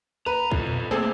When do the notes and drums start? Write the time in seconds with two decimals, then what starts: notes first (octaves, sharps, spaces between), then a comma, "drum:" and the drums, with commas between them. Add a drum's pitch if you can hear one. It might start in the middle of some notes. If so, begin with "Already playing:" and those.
0.26 B4 A#5
0.51 F4 A4, drum: kick
0.67 drum: tom A#2
0.91 A3 A#3 C4 G#4 A4